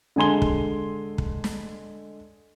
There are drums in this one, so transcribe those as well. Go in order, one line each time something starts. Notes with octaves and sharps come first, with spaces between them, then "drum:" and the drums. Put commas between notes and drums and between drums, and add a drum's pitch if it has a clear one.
D3 G#3 G#5 C6 G7
drum: kick
drum: kick
drum: snare